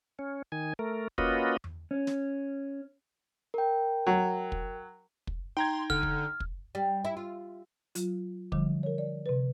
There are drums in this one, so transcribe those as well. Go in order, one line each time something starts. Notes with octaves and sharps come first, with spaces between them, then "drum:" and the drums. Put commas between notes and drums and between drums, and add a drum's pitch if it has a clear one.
C#4
D#3 G#5
A3 A#4
A#3 C#4 F4 F#4 B4 D#5, drum: kick
drum: tom E2
C#4
drum: snare
A#4 G5
F#3
drum: kick
drum: kick
D#4 G5 A#5 C6 G#6
D3 F6, drum: kick
drum: kick
drum: kick
G3
E4
F4
F#3 F4, drum: hi-hat
D3 F3 G3, drum: kick
A#4 C#5
D5
C3 B4